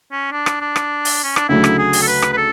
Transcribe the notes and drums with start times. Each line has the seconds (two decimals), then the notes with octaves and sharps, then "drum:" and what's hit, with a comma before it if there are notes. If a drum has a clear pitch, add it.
0.12 C#4
0.32 D4
0.46 drum: rim click
0.61 D4
0.76 drum: rim click
1.05 drum: open hi-hat
1.24 C#4
1.36 D4, drum: rim click
1.49 D2 C#3 F#3 A3 E4
1.64 drum: rim click
1.78 G#4
1.93 drum: open hi-hat
2.02 A4
2.08 B4
2.22 drum: rim click
2.33 B4
2.37 A4